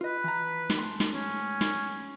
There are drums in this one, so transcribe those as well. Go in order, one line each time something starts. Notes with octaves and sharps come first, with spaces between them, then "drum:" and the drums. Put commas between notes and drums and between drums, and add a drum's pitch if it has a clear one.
F4 B4 D#5
E3 A#5
drum: snare
G#2 A3 C6
drum: snare
C#4
drum: snare